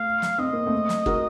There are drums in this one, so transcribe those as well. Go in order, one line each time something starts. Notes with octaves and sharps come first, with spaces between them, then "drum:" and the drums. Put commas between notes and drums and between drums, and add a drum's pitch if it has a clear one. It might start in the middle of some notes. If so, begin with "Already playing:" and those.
Already playing: A3 F5
drum: snare
C4 D#5
A#3
A3 C4
drum: snare
F#4 A#4, drum: kick